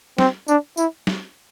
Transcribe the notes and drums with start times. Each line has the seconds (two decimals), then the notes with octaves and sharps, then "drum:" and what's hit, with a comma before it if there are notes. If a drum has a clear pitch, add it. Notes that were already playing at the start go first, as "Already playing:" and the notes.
0.18 C4, drum: snare
0.48 D4, drum: tambourine
0.77 E4, drum: tambourine
1.07 drum: snare